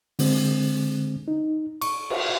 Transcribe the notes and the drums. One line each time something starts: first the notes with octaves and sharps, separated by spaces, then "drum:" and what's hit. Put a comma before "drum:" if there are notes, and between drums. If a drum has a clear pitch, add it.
D3 G#3 C4, drum: open hi-hat
D#4
C#6, drum: cymbal
drum: cymbal